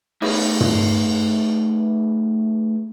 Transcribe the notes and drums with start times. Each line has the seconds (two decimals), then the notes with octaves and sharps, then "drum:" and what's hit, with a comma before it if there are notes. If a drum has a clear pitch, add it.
0.22 A3 D#4 G#4 A#4 B4, drum: cymbal
0.61 drum: tom